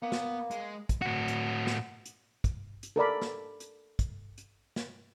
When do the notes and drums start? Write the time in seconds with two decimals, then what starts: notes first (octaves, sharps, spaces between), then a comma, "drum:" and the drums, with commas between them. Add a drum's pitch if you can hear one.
0.03 A#3 B3
0.12 drum: snare
0.51 G#3, drum: hi-hat
0.89 drum: kick, hi-hat
1.02 A2 F#4
1.28 drum: hi-hat
1.67 drum: snare
2.05 drum: hi-hat
2.44 drum: kick, hi-hat
2.83 drum: hi-hat
2.96 A4 A#4 D5 B5
3.22 drum: snare
3.60 drum: hi-hat
3.99 drum: kick, hi-hat
4.38 drum: hi-hat
4.76 drum: snare